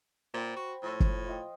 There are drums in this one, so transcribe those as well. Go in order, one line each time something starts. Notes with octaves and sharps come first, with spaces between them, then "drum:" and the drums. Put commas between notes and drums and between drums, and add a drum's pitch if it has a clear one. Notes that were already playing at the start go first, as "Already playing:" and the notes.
A#2 C5 G5 B5
F#4
A2 F3
drum: kick
F4 D#5 G5